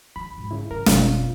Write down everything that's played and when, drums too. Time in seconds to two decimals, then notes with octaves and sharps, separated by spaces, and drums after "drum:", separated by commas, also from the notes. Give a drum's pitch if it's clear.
0.16 E2 B5
0.38 G#1
0.51 C#3 E4
0.71 G2 A#4
0.86 F#1 B2 C4 F4, drum: snare